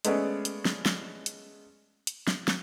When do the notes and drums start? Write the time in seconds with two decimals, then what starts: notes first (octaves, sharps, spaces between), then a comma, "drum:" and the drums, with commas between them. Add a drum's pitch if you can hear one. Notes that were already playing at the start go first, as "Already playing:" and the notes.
0.05 G#3 A3 B3 C#4 G#4 D5, drum: hi-hat
0.45 drum: hi-hat
0.65 drum: snare
0.86 drum: snare
1.26 drum: hi-hat
2.07 drum: hi-hat
2.27 drum: snare
2.48 drum: snare